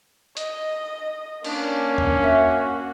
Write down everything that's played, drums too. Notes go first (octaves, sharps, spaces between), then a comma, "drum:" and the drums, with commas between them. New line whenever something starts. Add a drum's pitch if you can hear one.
D#5, drum: hi-hat
A#3 C#4 D4, drum: cymbal
drum: tom E2
F#4 E5